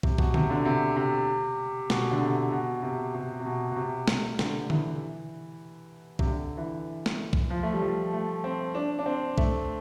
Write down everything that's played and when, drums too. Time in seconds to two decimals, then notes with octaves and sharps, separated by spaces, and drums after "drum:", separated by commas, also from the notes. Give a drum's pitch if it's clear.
0.03 C3, drum: kick
0.18 B2, drum: kick
0.34 C3, drum: tom D3
0.50 D3
0.65 C3
0.96 C3
1.90 B2, drum: snare
2.11 D3
2.21 C3
2.52 B2
2.83 C3
3.15 C3
3.40 C3
3.46 B2
3.71 B2
3.76 C3
4.08 C3, drum: snare
4.39 D3, drum: snare
4.70 E3, drum: tom D3
6.19 C3, drum: kick
6.26 D3
6.57 E3
7.06 drum: snare
7.33 drum: kick
7.50 F3
7.63 A3
7.73 G3
7.82 F3
8.13 A3
8.44 C4
8.75 D4
8.99 D4
9.06 C4
9.38 A3, drum: kick